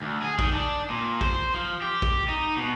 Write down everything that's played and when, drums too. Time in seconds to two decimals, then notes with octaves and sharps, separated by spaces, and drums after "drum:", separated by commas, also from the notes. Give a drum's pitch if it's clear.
0.02 D2
0.22 G#4
0.39 D#3, drum: kick
0.53 D4
0.90 A#2
1.21 C5, drum: kick
1.54 F3
1.82 G4
2.02 drum: kick
2.28 D#4
2.57 B2